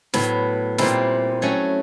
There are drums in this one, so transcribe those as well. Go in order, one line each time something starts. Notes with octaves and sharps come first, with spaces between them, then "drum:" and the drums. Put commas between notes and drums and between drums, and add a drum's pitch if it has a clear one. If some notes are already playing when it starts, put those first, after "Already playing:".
A2 F#3 B3, drum: snare
A#2 G3 C4 E4, drum: snare
F#3 A3 C#4